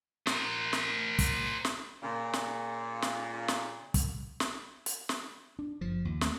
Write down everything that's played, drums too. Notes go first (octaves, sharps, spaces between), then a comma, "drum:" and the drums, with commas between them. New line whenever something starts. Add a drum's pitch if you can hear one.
A#4 C5, drum: snare
drum: snare
drum: kick, hi-hat
drum: snare
A#2 C#3
drum: snare
drum: snare
drum: snare
drum: kick, hi-hat
drum: snare
drum: hi-hat
drum: snare
D4
F#1 F3
D#2
A3 C4, drum: snare